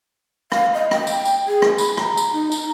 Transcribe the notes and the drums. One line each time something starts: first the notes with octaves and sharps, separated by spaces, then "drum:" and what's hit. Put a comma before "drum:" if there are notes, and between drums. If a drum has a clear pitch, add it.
F5, drum: rim click
D#5
G5, drum: rim click
drum: tambourine
drum: tambourine
G#4
drum: rim click
B5, drum: tambourine
A#5, drum: rim click
drum: tambourine
D#4
A#5, drum: tambourine